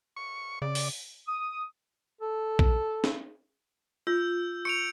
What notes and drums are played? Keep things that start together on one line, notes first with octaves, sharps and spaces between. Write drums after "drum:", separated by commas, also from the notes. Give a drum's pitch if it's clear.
C#6
C#3 D5
drum: open hi-hat
D#6
A4
drum: kick
drum: snare
F4 E6 G6
C#6 C#7 D7 F7